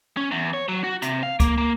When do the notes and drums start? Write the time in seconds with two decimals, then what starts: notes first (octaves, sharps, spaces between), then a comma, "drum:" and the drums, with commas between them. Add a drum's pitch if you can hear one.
0.17 C#4
0.31 E2
0.54 C#5
0.68 F#3
0.84 F#4
1.02 C3, drum: hi-hat
1.23 F5
1.40 A#3, drum: kick C#2, hi-hat
1.58 A#3